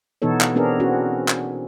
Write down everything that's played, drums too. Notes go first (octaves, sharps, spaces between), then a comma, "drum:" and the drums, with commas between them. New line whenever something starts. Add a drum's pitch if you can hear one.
B2 E3 B3 D#4 A4 C#5
drum: clap
B3 C4 D4 G#4 A#4
C4 C#4 F#4
drum: clap